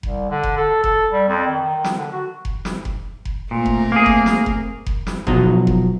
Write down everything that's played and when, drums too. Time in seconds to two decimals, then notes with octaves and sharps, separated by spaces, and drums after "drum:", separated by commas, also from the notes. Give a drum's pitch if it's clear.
0.03 C2, drum: kick F1
0.30 D3
0.43 drum: kick F1
0.58 A4
0.84 A4, drum: kick F1
1.12 G3
1.28 F2
1.47 D#3
1.61 D#3
1.84 drum: snare
1.97 D3
2.12 F#4
2.45 drum: kick F1
2.65 drum: snare
2.85 drum: kick F1
3.25 drum: kick F1
3.51 A#2 A3 C4 A#4
3.66 drum: kick F1
3.92 A#3 G#4
4.06 drum: kick F1
4.26 drum: snare
4.46 drum: kick F1
4.86 drum: kick F1
5.07 drum: snare
5.27 B2 F3 F#3 D#4, drum: kick F1
5.67 drum: kick F1